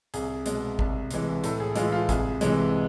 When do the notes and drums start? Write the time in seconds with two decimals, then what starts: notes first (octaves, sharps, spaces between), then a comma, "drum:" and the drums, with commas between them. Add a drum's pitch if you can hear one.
0.14 C2 G#4, drum: hi-hat
0.46 B2 G#3, drum: hi-hat
0.79 C2, drum: kick G#1
1.11 C3 E3 G#3, drum: hi-hat
1.44 A2 A4, drum: hi-hat
1.60 G#4
1.76 E3 G#3 F4, drum: hi-hat
1.92 F4
2.09 C2 G#4, drum: kick G#1, hi-hat
2.41 C3 E3 G#3, drum: hi-hat